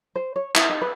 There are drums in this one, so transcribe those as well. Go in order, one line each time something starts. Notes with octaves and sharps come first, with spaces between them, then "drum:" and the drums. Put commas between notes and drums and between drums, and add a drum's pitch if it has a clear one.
C5
C#5
E4, drum: clap
D#4
B4